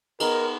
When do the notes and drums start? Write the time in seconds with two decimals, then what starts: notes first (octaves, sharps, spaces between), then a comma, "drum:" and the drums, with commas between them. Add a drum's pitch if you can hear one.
0.20 B3 D#4 G#4 A#4, drum: cymbal